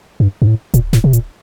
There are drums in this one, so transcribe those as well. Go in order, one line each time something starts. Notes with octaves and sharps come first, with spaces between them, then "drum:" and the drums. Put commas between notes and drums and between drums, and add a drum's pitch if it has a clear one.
G2
G2
A2
A#2, drum: kick D1, hi-hat
A2, drum: snare
C3
A#2, drum: hi-hat